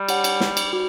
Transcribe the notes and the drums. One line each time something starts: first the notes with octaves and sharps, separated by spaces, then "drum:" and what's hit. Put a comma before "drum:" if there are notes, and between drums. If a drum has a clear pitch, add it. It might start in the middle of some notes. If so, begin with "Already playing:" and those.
Already playing: G3
G4 C#5 F#5 A5, drum: cymbal
drum: cymbal
drum: snare
drum: cymbal
G3 F#4